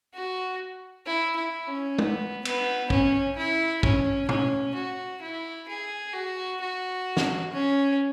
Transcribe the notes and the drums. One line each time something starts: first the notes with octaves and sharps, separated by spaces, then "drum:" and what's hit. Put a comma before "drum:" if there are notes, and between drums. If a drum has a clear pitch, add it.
F#4
E4
E4
C#4
B3, drum: tom
B3, drum: cymbal
C#4, drum: kick
E4
C#4, drum: kick
C#4, drum: tom
F#4
E4
G#4
F#4
F#4
drum: snare
C#4